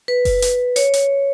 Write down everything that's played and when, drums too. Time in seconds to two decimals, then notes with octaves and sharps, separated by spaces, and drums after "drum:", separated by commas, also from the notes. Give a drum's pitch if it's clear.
0.08 B4
0.25 drum: kick F#1, open hi-hat
0.42 drum: hi-hat
0.76 C#5, drum: hi-hat
0.94 drum: hi-hat